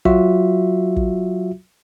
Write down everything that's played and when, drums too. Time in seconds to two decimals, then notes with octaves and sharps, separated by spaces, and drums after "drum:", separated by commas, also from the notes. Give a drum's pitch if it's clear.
0.05 F#3 F4 F#4 E5, drum: kick
0.96 drum: kick